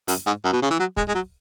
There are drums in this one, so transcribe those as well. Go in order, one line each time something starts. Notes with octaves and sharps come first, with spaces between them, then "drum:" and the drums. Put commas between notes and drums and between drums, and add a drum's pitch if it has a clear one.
F#2, drum: open hi-hat
G#2
F#2
B2
C#3
E3
F#3
G#3, drum: kick
G#3
F#3